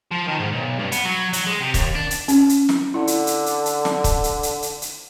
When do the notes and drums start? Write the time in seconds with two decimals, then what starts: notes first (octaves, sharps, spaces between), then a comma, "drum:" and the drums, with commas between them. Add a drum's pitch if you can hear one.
0.12 F3
0.28 D#3
0.40 G#2
0.53 B1
0.79 G2
0.92 B3, drum: hi-hat
1.05 F#3
1.33 F#3, drum: hi-hat
1.47 G#3
1.61 C3
1.74 D#2, drum: kick, hi-hat
1.95 D4
2.11 drum: hi-hat
2.28 C#4, drum: hi-hat
2.49 drum: hi-hat
2.69 drum: snare
2.94 D3 E4
3.07 drum: hi-hat
3.27 drum: hi-hat
3.46 drum: hi-hat
3.65 drum: hi-hat
3.85 drum: snare
4.04 drum: kick, hi-hat
4.24 drum: hi-hat
4.43 drum: hi-hat
4.62 drum: hi-hat
4.82 drum: hi-hat